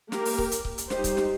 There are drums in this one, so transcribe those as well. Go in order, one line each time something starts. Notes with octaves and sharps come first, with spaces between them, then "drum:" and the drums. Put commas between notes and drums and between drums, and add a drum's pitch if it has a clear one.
A#3 G4 A#4, drum: snare
drum: open hi-hat
drum: kick C#1
drum: hi-hat
drum: kick C#1
drum: hi-hat
G3 D#4 G4 C5, drum: snare
drum: kick C#1, hi-hat
drum: snare